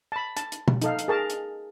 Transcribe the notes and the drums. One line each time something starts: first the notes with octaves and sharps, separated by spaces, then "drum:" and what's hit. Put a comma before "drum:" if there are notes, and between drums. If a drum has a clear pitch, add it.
A5 B5
A5, drum: hi-hat
drum: hi-hat
drum: tom B2
D#4 A4 F5, drum: hi-hat
drum: hi-hat
G#4 A#4 A5
drum: hi-hat